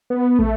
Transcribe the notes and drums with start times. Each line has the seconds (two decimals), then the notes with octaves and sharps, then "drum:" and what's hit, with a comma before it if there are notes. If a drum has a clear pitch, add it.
0.10 B3
0.39 A3, drum: kick